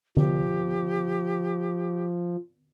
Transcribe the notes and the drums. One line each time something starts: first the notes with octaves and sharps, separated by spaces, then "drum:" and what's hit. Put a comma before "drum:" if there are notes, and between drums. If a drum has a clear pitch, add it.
F3 G4, drum: tom D3